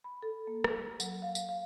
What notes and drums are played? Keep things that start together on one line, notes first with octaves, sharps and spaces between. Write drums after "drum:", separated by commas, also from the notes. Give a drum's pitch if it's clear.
B5
A4
A#3
drum: rim click
F#3, drum: tambourine
F5
drum: tambourine
F5